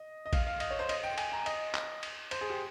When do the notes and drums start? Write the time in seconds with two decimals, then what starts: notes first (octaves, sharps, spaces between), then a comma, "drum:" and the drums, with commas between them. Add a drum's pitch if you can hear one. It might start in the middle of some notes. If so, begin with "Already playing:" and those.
Already playing: D#5
0.26 D#5
0.33 F5, drum: kick A#1, cymbal
0.47 F5
0.60 D#5, drum: cymbal
0.71 C#5
0.79 C5
0.89 D#5, drum: cymbal
1.03 G5
1.18 G#5, drum: cymbal
1.32 A#5
1.46 D#5, drum: cymbal
1.74 drum: clap
2.03 drum: cymbal
2.31 C5, drum: cymbal
2.41 G#4
2.50 G4